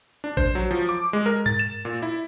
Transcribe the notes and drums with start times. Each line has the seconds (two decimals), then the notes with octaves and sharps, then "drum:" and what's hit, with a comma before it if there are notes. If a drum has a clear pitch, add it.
0.24 D4
0.37 C5, drum: kick A1
0.55 F#3
0.71 F3
0.89 D6
1.13 G#3
1.26 A#4
1.46 A6, drum: tom G2
1.59 E7
1.85 A#2
2.02 E4